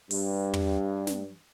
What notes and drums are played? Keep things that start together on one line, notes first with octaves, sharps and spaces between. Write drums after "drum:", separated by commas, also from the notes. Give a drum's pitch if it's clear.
G2, drum: open hi-hat
drum: tom
drum: snare